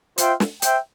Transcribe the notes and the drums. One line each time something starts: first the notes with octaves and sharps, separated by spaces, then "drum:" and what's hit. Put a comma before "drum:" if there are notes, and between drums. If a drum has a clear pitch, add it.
F4 C5 E5 G5, drum: hi-hat
drum: snare
C5 E5 G5, drum: hi-hat